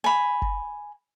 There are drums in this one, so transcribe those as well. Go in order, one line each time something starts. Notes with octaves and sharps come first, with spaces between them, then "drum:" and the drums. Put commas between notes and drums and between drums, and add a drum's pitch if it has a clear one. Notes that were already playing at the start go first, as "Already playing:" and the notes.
G#5 B5
drum: kick F#1